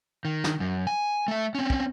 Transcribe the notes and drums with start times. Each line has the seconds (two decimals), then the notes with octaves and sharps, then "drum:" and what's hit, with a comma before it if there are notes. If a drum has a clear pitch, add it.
0.25 D#3
0.44 drum: snare
0.60 F#2
0.87 G#5
1.28 A3 E5
1.55 C4 C#4
1.70 drum: kick